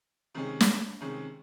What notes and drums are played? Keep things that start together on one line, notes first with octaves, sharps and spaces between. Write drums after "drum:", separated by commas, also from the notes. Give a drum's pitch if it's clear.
C3 D#3 G#3 C#4
drum: snare
C3 D#3 G#3 C#4